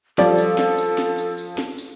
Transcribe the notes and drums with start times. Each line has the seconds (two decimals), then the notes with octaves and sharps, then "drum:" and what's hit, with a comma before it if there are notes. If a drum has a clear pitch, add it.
0.18 F3 G3 A4 D5, drum: snare
0.38 drum: tambourine
0.58 drum: snare
0.78 drum: tambourine
0.98 drum: snare
1.18 drum: tambourine
1.38 drum: tambourine
1.58 drum: snare
1.78 drum: tambourine